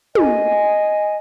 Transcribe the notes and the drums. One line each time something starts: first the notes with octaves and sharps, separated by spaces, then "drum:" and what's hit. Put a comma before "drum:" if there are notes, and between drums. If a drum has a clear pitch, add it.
D#5 G#5, drum: tom